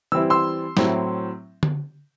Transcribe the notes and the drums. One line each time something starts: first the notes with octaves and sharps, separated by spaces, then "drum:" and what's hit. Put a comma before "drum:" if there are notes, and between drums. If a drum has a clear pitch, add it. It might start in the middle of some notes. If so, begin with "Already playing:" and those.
E3 G3 C4 E4 E6
C6 E6
A2 F#3 C4 E4, drum: snare
drum: tom D3